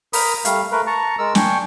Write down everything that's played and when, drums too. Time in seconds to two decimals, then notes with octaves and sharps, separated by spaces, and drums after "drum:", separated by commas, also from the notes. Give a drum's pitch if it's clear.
0.13 A#4 B5 D#6, drum: open hi-hat
0.45 G3 A3 F5, drum: hi-hat
0.71 A3 A#4 B4
0.87 A5 A#5 C#6
1.19 G#3 A#4 E6
1.35 D4 G5 G#5 C#6, drum: snare